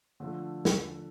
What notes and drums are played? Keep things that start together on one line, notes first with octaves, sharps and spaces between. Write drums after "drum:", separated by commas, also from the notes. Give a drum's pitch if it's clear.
D3 F3 A3
drum: snare